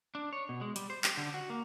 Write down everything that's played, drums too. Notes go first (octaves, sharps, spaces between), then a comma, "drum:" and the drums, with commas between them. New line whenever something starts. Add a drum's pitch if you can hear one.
D4
C#5
B2
G#3
G3, drum: hi-hat
C5
G4, drum: clap
D3
F#4
A#3